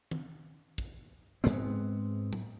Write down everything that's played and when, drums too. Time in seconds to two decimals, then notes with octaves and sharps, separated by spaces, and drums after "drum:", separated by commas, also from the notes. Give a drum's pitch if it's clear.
0.11 drum: tom D#3
0.78 drum: kick
1.44 G#2 G#3 B3 C4
2.33 drum: tom A2